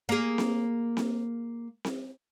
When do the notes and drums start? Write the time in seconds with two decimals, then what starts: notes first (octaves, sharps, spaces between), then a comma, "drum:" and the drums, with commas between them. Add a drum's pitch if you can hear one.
0.09 A#3 G#4
0.38 drum: snare C4
0.97 drum: snare C4
1.85 drum: snare C4